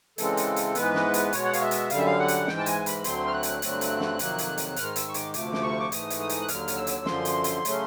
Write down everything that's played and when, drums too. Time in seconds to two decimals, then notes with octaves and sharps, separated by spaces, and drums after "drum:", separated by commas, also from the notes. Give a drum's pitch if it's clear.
0.18 C#3 E3 G#3 C4 A4, drum: hi-hat
0.37 drum: hi-hat
0.56 drum: hi-hat
0.75 G#2 E3 G#3 B3 B4, drum: hi-hat
0.95 drum: snare
1.14 drum: hi-hat
1.33 B2 G#3 B3 C#5, drum: hi-hat
1.45 F#5
1.53 F5, drum: hi-hat
1.61 E5
1.71 drum: hi-hat
1.90 F#2 D3 G3 F5, drum: hi-hat
1.98 E5
2.06 F5
2.19 F#5
2.28 drum: hi-hat
2.47 G#2 E3 G#3 G5, drum: snare
2.59 A5
2.66 G#5, drum: hi-hat
2.86 B5, drum: hi-hat
3.04 D2 D3 F#3 A3 C4 C6, drum: hi-hat
3.27 F6
3.33 F#6
3.43 drum: hi-hat
3.62 G2 D3 F#3 A3 C4, drum: hi-hat
3.81 drum: hi-hat
4.00 drum: snare
4.19 F2 C3 D#3 F#3 A#3, drum: hi-hat
4.38 drum: hi-hat
4.58 drum: hi-hat
4.76 G#2 D#3 G#3 F6, drum: hi-hat
4.96 E6, drum: hi-hat
5.08 C#6
5.14 D6, drum: hi-hat
5.34 D2 C3 F3 A3 D6, drum: hi-hat
5.53 drum: snare
5.63 C#6
5.80 D6
5.92 G#2 E3 A3 D#6, drum: hi-hat
6.10 drum: hi-hat
6.19 D#6
6.29 drum: hi-hat
6.42 F#6
6.48 D#2 D3 F#3 F6, drum: hi-hat
6.68 drum: hi-hat
6.77 E6
6.87 drum: hi-hat
7.06 F#2 D3 F3 C6, drum: snare
7.25 drum: hi-hat
7.44 drum: hi-hat
7.65 C#3 F#3 A3 C#4, drum: hi-hat